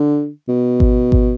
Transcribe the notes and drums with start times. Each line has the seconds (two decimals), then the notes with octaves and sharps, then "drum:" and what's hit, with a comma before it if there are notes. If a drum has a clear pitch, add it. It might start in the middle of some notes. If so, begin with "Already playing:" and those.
Already playing: D3
0.48 B2
0.80 drum: kick G#1
1.12 drum: kick G#1